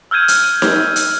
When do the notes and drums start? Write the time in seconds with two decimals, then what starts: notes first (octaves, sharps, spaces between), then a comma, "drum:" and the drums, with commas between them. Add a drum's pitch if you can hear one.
0.11 E6 F6 G6 G#6 D#7
0.28 drum: hi-hat
0.62 drum: snare D#4
0.96 drum: hi-hat